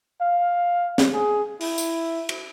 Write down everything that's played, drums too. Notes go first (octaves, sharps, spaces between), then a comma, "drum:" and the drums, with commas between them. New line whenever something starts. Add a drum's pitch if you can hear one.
F5
drum: snare
G#4
E4, drum: open hi-hat
drum: tambourine
drum: cymbal